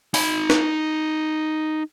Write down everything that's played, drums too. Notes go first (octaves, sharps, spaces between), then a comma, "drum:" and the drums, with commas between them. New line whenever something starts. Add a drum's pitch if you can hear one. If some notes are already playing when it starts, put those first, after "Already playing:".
D#4 B5, drum: open hi-hat
drum: snare